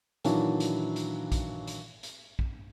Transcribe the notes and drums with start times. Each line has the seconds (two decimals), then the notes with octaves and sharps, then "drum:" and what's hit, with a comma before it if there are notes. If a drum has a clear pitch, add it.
0.25 A#2 D#3 E3 F#3 D4 E4, drum: hi-hat
0.60 drum: hi-hat
0.96 drum: hi-hat
1.32 drum: kick A#1, hi-hat
1.67 drum: hi-hat
2.03 drum: hi-hat
2.39 drum: kick A#1